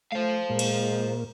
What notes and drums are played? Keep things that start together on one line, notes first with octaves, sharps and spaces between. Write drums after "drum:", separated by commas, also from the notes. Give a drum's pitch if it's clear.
A3 C5 F5
A#2 G#3
drum: cymbal